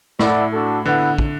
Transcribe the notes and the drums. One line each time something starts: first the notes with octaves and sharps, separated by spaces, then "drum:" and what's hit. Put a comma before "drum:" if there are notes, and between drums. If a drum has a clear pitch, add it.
A2 E4 A4 D5 F#5, drum: snare
D4 F#4 A4
D3 B3 E4 B4 F#5
drum: kick